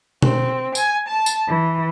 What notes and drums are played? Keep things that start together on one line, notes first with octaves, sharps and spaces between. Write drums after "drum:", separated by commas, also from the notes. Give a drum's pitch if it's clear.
C4, drum: tom B2
G#5, drum: tambourine
A5
drum: tambourine
E3